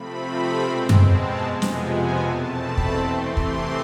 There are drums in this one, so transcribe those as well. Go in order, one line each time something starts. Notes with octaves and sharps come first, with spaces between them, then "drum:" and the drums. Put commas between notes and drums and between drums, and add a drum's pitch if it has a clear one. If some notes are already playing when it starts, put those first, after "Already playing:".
Already playing: C3 F3 A3 C4 B5
B2 G#3 C4
drum: tom F#2
A5
F2 C3 F3 G#3 B3
drum: snare
G#5
E2 B2 A3 C4 A5
B5
drum: kick
C3 E3 A3 C4 C6
D6, drum: kick